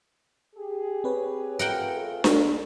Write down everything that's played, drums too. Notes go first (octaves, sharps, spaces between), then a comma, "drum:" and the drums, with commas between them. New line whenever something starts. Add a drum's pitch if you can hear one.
G4 G#4
C4 B4 C#5
A3 F4 G#4 A#4 F#5 G5
drum: snare D4